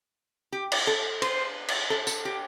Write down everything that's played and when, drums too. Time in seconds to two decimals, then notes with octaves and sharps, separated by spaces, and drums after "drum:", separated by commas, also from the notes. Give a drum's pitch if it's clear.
0.52 G4
0.72 drum: cymbal
0.87 A4
1.22 C5, drum: cymbal
1.68 drum: cymbal
1.90 A4
2.07 A4, drum: tambourine
2.25 G4